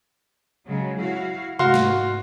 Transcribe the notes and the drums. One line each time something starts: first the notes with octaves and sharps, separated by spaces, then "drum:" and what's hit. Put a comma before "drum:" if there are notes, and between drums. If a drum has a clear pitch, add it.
C#3 F#3 G#3
E4 F#4 F5
G#2 F#4 F5 C6, drum: tom C3
drum: snare